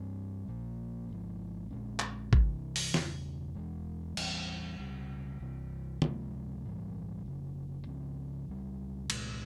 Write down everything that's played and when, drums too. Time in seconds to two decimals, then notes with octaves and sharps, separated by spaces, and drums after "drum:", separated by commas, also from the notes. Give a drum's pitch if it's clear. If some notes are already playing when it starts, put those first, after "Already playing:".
Already playing: G2 G3 C4
0.48 A#1 A#2 F3 A#3
1.09 G#1 G#2 F3
1.70 A#1 A#2 G#3 C#4
1.99 drum: clap
2.33 C2 C3 E3, drum: kick
2.76 drum: open hi-hat
2.94 E1 E2 C#3, drum: snare
3.55 E2 E3 G#3
4.17 E2 E3 G3 C4, drum: cymbal
4.79 C#2 C#3 G3
5.40 C2 C3 E3
6.02 C#2 C3 F3 G#3, drum: tom
6.64 A#1 G#2 E3 G3
7.26 F1 F2 C#3
7.87 C#2 C#3 F3 C4
8.48 C#2 C#3 G3
9.10 C2 A#2 G#3, drum: cymbal